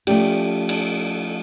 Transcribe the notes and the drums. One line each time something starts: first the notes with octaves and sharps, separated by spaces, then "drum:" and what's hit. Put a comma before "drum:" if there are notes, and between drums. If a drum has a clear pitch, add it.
F3 A3 C#4 G4 D5, drum: cymbal
drum: cymbal